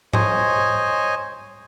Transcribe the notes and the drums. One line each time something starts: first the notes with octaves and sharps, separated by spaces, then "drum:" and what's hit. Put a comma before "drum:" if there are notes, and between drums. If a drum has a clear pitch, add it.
C5 C#5 D#5 G#5, drum: tom G#2